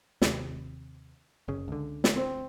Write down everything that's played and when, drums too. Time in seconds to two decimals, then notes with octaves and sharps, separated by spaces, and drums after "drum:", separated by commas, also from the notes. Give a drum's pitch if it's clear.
0.22 D#2 C3, drum: snare
1.48 F#1 C#3
1.68 C#2 D3
2.04 drum: snare
2.15 C4